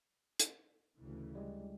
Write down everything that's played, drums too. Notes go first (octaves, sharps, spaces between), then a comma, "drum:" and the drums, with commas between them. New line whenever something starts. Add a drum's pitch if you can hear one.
drum: hi-hat
D2 C#3 E3
G3 G#3